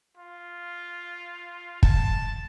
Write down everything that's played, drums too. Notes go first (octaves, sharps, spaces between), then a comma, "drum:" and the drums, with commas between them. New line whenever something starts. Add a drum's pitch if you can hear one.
F4
A5, drum: kick